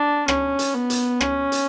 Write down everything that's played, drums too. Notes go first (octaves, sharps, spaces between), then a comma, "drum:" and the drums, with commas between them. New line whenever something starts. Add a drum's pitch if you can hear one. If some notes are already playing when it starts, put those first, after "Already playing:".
Already playing: D4
C#4, drum: rim click
drum: hi-hat
B3
drum: hi-hat
C#4, drum: rim click
drum: hi-hat